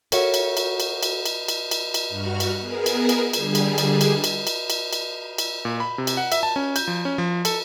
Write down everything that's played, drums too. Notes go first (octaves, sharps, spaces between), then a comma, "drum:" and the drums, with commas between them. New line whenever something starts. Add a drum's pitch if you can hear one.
F#4 A4 A#4 C#5 E5 F#5, drum: cymbal
drum: cymbal
drum: cymbal
drum: cymbal
drum: cymbal
drum: cymbal
drum: cymbal
drum: cymbal
drum: cymbal
G2 F#4 F6
drum: cymbal
B3 G#4 A#4
drum: cymbal
drum: cymbal
D3 G3 G#4, drum: cymbal
drum: cymbal
drum: cymbal
drum: cymbal
drum: cymbal
drum: cymbal
drum: cymbal
drum: cymbal
drum: cymbal
A#2
B5
C3
drum: cymbal
F#5
E5, drum: cymbal
A5
C#4
G6, drum: cymbal
F3
C#4
F3
A4, drum: cymbal